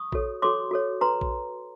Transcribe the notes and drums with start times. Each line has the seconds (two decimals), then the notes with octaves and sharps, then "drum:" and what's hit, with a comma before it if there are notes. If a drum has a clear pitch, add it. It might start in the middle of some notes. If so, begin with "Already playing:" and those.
Already playing: C#6 D#6
0.12 F#4 A4 C#5, drum: kick
0.42 F#4 A4 C#5 C6 D6
0.71 F#4 A4 C#5
1.01 F#4 B4 A#5 C6
1.21 drum: kick